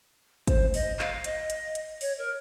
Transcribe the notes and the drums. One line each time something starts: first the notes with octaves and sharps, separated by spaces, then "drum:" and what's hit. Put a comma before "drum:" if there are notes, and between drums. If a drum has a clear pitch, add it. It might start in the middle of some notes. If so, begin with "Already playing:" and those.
C5, drum: kick, hi-hat
D#5, drum: open hi-hat
F5, drum: clap
D#5, drum: hi-hat
drum: hi-hat
drum: hi-hat
C#5, drum: open hi-hat
A#4